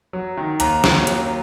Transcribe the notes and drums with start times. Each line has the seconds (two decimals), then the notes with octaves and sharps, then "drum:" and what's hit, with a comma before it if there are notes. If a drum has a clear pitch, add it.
0.13 F#3
0.37 D#3
0.60 D#2 A#5, drum: hi-hat
0.84 D#2, drum: snare
1.07 F#3, drum: hi-hat